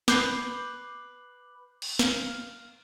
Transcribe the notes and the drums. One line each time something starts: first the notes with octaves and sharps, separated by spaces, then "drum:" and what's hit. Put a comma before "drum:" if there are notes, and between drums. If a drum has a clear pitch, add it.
B4 D6 G6 C7, drum: snare
drum: cymbal
F5, drum: snare